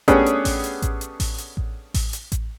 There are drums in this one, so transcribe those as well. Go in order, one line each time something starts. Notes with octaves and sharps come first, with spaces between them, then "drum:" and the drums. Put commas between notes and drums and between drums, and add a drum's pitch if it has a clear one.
A3 B3 C#4 D4 G4 G#4, drum: kick A1, hi-hat
drum: hi-hat
drum: kick A1, open hi-hat
drum: hi-hat
drum: kick A1, hi-hat
drum: hi-hat
drum: kick A1, open hi-hat
drum: hi-hat
drum: kick A1
drum: kick A1, open hi-hat
drum: hi-hat
drum: kick A1, hi-hat